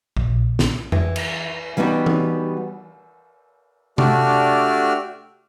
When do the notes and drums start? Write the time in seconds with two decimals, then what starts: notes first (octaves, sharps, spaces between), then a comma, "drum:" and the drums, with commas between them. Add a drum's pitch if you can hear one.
0.17 A#1, drum: kick A#1
0.59 drum: snare
0.92 E3, drum: tom F2
1.16 drum: cymbal
1.77 E3 G3 B3 D#4 F#4 G4
2.06 drum: tom E3
3.98 A3 D4 F#4 G4 D5 F6, drum: tom C3